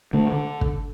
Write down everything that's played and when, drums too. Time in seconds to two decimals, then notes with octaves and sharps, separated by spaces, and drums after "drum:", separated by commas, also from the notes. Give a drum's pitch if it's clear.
0.13 D3 A3
0.32 D3
0.61 drum: kick